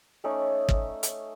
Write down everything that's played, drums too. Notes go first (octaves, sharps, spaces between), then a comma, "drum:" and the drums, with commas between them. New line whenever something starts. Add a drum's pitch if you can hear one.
A3 C#4 D#4 D5
drum: kick
drum: hi-hat